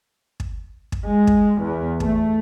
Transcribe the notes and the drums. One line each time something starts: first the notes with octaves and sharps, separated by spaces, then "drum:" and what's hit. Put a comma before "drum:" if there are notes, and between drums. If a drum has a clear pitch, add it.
drum: kick
drum: kick
G#3
drum: kick
E2
A3, drum: kick